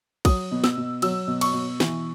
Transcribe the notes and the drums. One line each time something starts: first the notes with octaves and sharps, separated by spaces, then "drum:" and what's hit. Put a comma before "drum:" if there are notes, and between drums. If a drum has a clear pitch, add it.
F#3 D#6, drum: kick, cymbal
B2
E6, drum: snare
B2
F#3 E6, drum: cymbal
B2
C#6, drum: cymbal
B2
E3, drum: snare